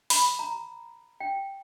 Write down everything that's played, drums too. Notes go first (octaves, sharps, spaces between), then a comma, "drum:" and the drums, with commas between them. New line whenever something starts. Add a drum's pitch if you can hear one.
B5, drum: open hi-hat
A#5
G5